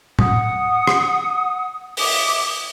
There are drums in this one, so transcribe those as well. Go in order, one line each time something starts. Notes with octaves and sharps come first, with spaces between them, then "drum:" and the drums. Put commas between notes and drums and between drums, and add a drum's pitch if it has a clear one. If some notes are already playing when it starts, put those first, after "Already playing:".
F#5 D#6, drum: tom A2
drum: rim click
E5 D6 D#6, drum: open hi-hat